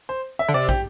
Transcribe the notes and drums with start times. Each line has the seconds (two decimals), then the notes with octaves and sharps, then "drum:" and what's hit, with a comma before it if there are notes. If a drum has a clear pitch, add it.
0.09 C5
0.39 E5
0.48 D3
0.54 C3 D5
0.69 G4, drum: kick